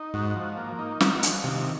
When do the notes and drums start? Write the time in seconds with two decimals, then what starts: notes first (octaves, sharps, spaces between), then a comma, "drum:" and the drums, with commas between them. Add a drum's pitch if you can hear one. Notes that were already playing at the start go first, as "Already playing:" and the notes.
Already playing: D#4
0.14 G#2 F#4
0.36 F3
0.57 A#3
0.79 D#4
1.00 F#4, drum: snare
1.23 F3, drum: hi-hat
1.44 C3 D#3